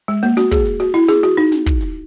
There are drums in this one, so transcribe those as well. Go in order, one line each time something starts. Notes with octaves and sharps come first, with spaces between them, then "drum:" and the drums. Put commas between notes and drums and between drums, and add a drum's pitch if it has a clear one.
G#3
A#3, drum: hi-hat
F#4, drum: snare
G#4, drum: kick, hi-hat
drum: hi-hat
F#4, drum: hi-hat
E4, drum: hi-hat
G#4, drum: snare
F#4, drum: hi-hat
D#4
drum: snare
drum: kick, hi-hat
drum: hi-hat